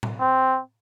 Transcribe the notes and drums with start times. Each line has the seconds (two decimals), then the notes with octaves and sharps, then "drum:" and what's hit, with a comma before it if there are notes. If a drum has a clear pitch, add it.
0.03 drum: tom A2
0.20 C4